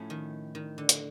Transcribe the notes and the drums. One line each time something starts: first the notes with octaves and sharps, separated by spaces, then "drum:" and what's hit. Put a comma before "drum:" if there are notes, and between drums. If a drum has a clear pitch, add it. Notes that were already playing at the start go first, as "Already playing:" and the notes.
Already playing: A2 F3 A3 C#4
D#3
D#3
D3
drum: hi-hat